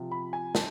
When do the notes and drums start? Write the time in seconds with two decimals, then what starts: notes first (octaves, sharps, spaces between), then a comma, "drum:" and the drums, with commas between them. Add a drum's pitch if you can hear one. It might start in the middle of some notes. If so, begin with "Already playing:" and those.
Already playing: C3 F3
0.11 B5
0.33 G#5
0.55 A5, drum: snare